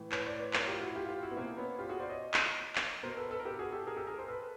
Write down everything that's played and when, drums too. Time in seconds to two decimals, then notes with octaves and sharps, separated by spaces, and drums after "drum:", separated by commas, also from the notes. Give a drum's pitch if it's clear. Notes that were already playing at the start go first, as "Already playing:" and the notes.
Already playing: A2 E3
0.12 B4 C#5, drum: clap
0.26 C5 D5
0.40 B4 C#5
0.53 A#4 C5, drum: clap
0.67 F4 G4
0.81 E4 F#4
0.95 F4 G4
1.09 F4 G4
1.23 E4 F#4
1.31 B3
1.37 B2 A#3 C4
1.57 B3 C#4
1.79 F4 G4
1.89 F#4 G#4
2.00 C5 D5
2.10 C#5 D#5
2.34 drum: clap
2.76 drum: clap
3.03 B2 A#4 C5
3.17 A4 B4
3.31 A4 B4
3.40 A#4
3.45 G4 A4
3.59 F#4 G#4
3.72 G4 A4
3.87 G#4 A#4
3.96 G4 A4
4.07 G#4 A#4
4.18 A#4 C5
4.28 A4 B4